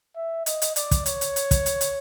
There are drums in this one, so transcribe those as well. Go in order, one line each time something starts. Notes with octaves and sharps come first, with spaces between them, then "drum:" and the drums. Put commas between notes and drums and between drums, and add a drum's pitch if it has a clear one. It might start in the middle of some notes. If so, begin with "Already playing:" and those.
E5
D#5, drum: hi-hat
drum: hi-hat
D5, drum: hi-hat
drum: kick, hi-hat
C#5, drum: hi-hat
drum: hi-hat
drum: hi-hat
drum: kick, hi-hat
drum: hi-hat
drum: hi-hat